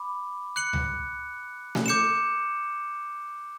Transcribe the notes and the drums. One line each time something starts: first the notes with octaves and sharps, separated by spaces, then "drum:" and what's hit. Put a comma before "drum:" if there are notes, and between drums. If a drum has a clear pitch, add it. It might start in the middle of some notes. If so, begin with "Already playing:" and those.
Already playing: B5 D6
F#6 C#7 F#7
drum: tom C#2
drum: snare A3
D6 G6 C#7 E7